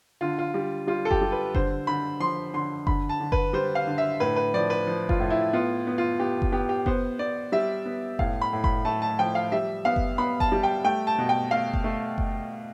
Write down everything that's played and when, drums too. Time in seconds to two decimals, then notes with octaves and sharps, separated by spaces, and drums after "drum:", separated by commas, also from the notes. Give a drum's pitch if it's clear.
0.21 D3 F4
0.38 F4
0.54 G3
0.87 G3 F4
1.05 A4
1.11 G4, drum: kick F#1
1.21 G3
1.32 B4
1.55 D3 C5, drum: kick F#1
1.87 D3 B5
2.20 F3 C6
2.54 D3 C6
2.87 D3 B5, drum: kick F#1
3.09 A5
3.20 D3
3.32 B4, drum: kick F#1
3.53 G3 C5
3.75 F5
3.87 D3
3.98 E5
4.20 A2 B4
4.36 B4
4.54 F3 D5
4.70 B4
4.87 F3
5.09 F4, drum: kick F#1
5.20 A2
5.30 E4
5.53 B3 F4
5.87 B3
5.98 F4
6.20 B3 G4
6.42 drum: kick F#1
6.52 B3 G4
6.69 G4
6.86 B3 C5, drum: kick F#1
7.19 B3 D5
7.52 G3 E5
7.85 B3
8.19 A2 F5, drum: kick F#1
8.41 B5
8.53 A2
8.64 B5, drum: kick F#1
8.85 A3 A5
9.02 A5
9.19 F3 G5
9.35 F5
9.52 G3 E5
9.85 B3 F5
9.96 drum: kick F#1
10.18 B3 B5
10.40 A5, drum: kick F#1
10.52 G3
10.63 G5
10.84 A3 G5
11.07 A5
11.18 B2
11.29 G5
11.51 A3 F5
11.74 drum: kick F#1
11.84 A3
12.18 drum: kick F#1